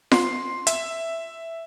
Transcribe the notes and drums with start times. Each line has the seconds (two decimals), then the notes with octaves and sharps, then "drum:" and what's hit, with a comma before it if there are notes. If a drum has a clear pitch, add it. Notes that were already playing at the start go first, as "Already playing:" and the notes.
0.12 C6, drum: snare F4
0.67 E5, drum: hi-hat